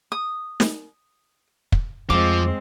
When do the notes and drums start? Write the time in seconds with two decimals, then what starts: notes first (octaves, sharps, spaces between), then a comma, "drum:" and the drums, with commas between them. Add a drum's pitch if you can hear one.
0.12 D#6
0.60 drum: snare
1.72 drum: kick
2.10 F2 F3 G#3 A3 C4 D6